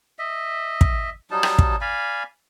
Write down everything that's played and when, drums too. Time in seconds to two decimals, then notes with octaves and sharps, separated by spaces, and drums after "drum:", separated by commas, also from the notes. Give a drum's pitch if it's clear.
0.19 D#5 E5
0.81 drum: kick
1.31 F#3 G3 D#4 A5
1.43 drum: rim click
1.59 drum: kick
1.81 D5 F5 G#5 B5